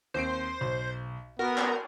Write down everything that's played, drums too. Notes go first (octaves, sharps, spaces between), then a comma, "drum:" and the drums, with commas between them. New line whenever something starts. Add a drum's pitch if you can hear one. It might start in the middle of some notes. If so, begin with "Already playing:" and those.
D#2 C4 C5 D7
B1
B3 F#4 A#4
drum: clap